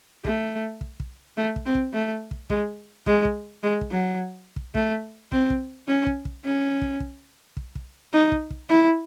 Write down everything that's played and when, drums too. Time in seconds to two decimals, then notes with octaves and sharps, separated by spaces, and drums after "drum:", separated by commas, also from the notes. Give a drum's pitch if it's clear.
0.25 A3, drum: kick
0.81 drum: kick
1.00 drum: kick
1.37 A3
1.56 drum: kick
1.66 C4
1.75 drum: kick
1.93 A3
2.31 drum: kick
2.50 G#3, drum: kick
3.06 G#3, drum: kick
3.25 drum: kick
3.63 G#3
3.81 drum: kick
3.91 F#3
4.56 drum: kick
4.75 A3, drum: kick
5.32 C4, drum: kick
5.50 drum: kick
5.87 C#4
6.06 drum: kick
6.25 drum: kick
6.44 C#4
6.82 drum: kick
7.00 drum: kick
7.57 drum: kick
7.75 drum: kick
8.13 D#4
8.32 drum: kick
8.50 drum: kick
8.69 E4